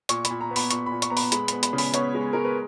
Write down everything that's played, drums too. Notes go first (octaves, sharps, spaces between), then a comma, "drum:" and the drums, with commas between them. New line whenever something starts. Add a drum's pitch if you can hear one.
A#2 C#6, drum: hi-hat
B5, drum: hi-hat
A#2
A#5
B3
B5, drum: open hi-hat
A#2 C#6, drum: hi-hat
B5
A#2
C#6, drum: hi-hat
B3 A#5
B5, drum: open hi-hat
G#3 B5, drum: hi-hat
B3 B5, drum: hi-hat
B5, drum: hi-hat
C#3
B5, drum: open hi-hat
B3 C#5, drum: hi-hat
G#3
G#3 A#4
B4